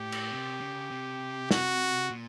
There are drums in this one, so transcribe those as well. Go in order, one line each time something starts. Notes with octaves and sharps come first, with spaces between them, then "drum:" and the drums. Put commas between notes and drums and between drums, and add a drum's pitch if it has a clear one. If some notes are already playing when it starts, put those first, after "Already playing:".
Already playing: A2 G4
drum: cymbal
C3
C#3
C3
F#4, drum: snare
A#2